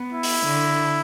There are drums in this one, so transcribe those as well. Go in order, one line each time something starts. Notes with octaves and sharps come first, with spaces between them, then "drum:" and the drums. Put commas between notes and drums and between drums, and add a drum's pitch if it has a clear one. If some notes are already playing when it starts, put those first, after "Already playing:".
Already playing: B3
E4
drum: open hi-hat
D3